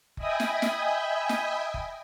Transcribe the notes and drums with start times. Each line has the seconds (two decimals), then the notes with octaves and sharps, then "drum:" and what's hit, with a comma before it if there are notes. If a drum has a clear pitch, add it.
0.17 D#5 E5 G5 G#5 B5 D#6, drum: kick F#1
0.40 drum: snare
0.62 drum: snare
1.29 drum: snare
1.74 drum: kick F#1